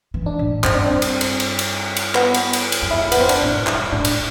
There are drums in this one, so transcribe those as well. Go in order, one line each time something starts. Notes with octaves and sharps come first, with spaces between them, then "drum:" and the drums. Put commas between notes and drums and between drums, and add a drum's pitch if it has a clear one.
E3
D4
A2
G2 C4, drum: clap
D4
C4
drum: cymbal
drum: cymbal
drum: cymbal
drum: cymbal
drum: cymbal
B3, drum: clap
drum: cymbal
drum: cymbal
drum: cymbal
F2
E2 E4
B3, drum: cymbal
F2 C4
D4, drum: cymbal
A2
G2 E4, drum: clap
A2 D4
drum: cymbal